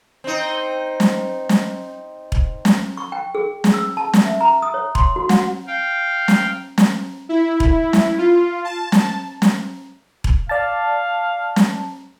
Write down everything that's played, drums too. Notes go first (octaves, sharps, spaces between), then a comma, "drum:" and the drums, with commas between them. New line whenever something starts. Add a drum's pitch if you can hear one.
C4 D#4
drum: snare
drum: snare
drum: kick E1
drum: snare
C#6
G5
G#4
drum: snare
E6
A5
drum: snare
E5
A#5
D#6
C#5
C6, drum: kick E1
F#4
F#5, drum: snare
F5 G5
drum: snare
drum: snare
E4
drum: kick E1
drum: snare
F4
A5
drum: snare
drum: snare
drum: kick E1
D5 F5 A5
drum: snare